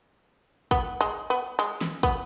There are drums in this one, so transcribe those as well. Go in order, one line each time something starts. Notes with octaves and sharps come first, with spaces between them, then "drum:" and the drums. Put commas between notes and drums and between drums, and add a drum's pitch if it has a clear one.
B3, drum: kick
G#3
B3
G#3
drum: snare
B3, drum: kick